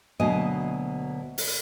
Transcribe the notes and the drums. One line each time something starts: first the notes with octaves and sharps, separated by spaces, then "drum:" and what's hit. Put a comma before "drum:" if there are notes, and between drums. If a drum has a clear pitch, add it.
D2 B2 F#3 A#3 D#5 G#5
drum: open hi-hat